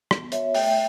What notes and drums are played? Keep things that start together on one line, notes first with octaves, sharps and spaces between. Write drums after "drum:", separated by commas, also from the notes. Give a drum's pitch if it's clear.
B3, drum: rim click
F#4 C#5 E5, drum: hi-hat
A3 E5 G5, drum: open hi-hat